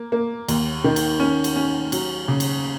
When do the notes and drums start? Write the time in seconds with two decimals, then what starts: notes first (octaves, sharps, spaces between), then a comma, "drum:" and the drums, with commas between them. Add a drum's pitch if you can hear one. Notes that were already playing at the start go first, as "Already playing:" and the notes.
Already playing: A#3
0.12 A#3
0.48 D#2, drum: cymbal
0.84 D#3
0.96 drum: cymbal
1.20 C#4
1.44 drum: cymbal
1.56 C#4
1.92 F#3, drum: cymbal
2.28 C#3
2.40 drum: cymbal